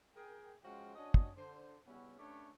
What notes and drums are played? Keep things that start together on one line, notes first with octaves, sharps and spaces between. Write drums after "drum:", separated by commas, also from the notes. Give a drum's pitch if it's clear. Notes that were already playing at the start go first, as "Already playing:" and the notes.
G#4 A#4 G5
F3 G#3 C#4 F#4 F5 G5
C#4 D4 F#4 D#5
drum: kick
D3 C5
C#3 G3 B3 C#4 E4 F#4
A3 C#4 D4 G4 B4 C#5